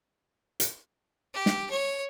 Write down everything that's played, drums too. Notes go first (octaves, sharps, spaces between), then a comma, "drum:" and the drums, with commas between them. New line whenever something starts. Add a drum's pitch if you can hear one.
drum: hi-hat
G4
drum: snare
C#5